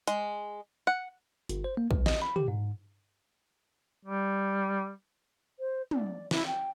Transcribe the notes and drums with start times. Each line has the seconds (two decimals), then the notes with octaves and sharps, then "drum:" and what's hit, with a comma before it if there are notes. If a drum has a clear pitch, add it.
0.07 G#3, drum: hi-hat
0.87 F#5
1.49 G1, drum: hi-hat
1.64 C5
1.77 A#3
1.91 C#2, drum: kick
2.06 D#5, drum: snare
2.22 B5
2.36 G4, drum: tom
2.48 G#2
4.05 G3
5.59 C5
5.91 D5, drum: tom
6.31 E4, drum: snare
6.46 G5